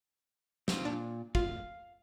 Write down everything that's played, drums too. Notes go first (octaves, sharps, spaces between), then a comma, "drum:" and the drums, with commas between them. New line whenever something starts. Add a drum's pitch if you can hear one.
C4 F4, drum: snare
A#2 D4
F4 F5, drum: kick